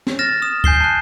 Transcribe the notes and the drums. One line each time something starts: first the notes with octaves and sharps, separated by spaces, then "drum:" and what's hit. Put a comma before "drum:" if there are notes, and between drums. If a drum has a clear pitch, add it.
drum: snare
F6 A6 A#6 E7
D#6 E7
G#5 G6 C7 G7, drum: kick C#2
A5 F#6